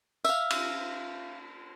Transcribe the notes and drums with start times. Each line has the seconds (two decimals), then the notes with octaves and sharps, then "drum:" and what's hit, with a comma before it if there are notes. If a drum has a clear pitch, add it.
0.24 E5 F5, drum: tambourine
0.50 drum: cymbal